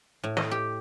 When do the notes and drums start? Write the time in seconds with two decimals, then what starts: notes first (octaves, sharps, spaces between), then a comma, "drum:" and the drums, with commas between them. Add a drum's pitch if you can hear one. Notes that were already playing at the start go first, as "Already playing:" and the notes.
0.24 A2
0.37 D#5, drum: snare
0.51 G4